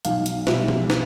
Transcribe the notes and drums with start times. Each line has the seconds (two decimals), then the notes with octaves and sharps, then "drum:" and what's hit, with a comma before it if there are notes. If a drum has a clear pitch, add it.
0.05 B1 F5, drum: hi-hat
0.26 drum: hi-hat
0.47 B2 G3 E5, drum: snare
0.68 drum: tom F3
0.90 drum: snare